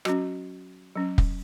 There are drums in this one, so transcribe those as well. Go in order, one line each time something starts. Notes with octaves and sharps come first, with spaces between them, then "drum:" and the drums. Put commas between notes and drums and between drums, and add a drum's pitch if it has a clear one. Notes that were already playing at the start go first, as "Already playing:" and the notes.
F#3 C#4 F#4, drum: rim click
F#3 C#4
drum: kick